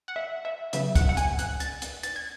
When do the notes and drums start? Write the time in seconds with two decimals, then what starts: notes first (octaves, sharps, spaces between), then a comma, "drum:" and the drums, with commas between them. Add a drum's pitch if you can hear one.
0.08 F#5
0.16 E5
0.45 E5
0.73 C#3 F#3 B3 E5, drum: hi-hat
0.95 F#5, drum: kick, hi-hat
1.09 F#5
1.17 G#5, drum: hi-hat
1.39 F#6, drum: hi-hat
1.60 A6, drum: hi-hat
1.82 drum: hi-hat
2.03 A6, drum: hi-hat
2.16 G#6